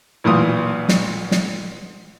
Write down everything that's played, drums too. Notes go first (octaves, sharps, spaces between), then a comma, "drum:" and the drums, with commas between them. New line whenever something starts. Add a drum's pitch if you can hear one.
B1 A#2 E3 D#6
drum: snare
drum: snare